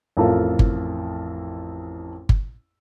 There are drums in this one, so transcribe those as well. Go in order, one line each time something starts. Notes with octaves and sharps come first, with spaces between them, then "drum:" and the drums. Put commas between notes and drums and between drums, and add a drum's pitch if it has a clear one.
A1 F2 A4 A#4 F5 A5
drum: kick G1
drum: kick G1